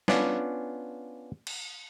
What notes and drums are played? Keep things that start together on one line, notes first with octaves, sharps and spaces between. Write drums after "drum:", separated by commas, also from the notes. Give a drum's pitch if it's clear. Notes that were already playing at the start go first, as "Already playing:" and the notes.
B3 C#4 D4 F4 D5, drum: snare
drum: cymbal